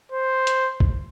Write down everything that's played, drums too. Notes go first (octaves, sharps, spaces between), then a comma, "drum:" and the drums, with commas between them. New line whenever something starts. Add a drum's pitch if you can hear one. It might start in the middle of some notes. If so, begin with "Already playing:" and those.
C5
drum: hi-hat
drum: kick A1